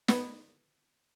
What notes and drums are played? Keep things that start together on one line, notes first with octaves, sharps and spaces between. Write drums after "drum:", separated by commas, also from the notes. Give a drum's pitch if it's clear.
B3, drum: snare